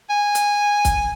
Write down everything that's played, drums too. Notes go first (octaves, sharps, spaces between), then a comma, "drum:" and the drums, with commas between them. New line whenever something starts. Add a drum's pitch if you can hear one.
G#5
drum: hi-hat
drum: kick, hi-hat